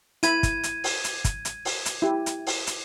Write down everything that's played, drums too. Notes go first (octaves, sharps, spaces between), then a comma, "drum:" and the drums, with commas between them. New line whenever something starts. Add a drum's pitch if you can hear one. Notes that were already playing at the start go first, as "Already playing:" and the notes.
E4 B5 G#6 D#7, drum: hi-hat
drum: kick, hi-hat
drum: hi-hat
drum: open hi-hat
drum: hi-hat
drum: kick, hi-hat
drum: hi-hat
drum: open hi-hat
drum: hi-hat
E4 G4
drum: hi-hat
drum: open hi-hat
drum: hi-hat